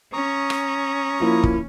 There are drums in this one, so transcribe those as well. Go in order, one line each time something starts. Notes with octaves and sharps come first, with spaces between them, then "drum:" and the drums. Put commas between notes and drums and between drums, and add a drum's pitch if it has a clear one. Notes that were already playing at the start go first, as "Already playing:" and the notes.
C#4 A#5 C#6 D#6
drum: rim click
F3 A#3 E4
drum: kick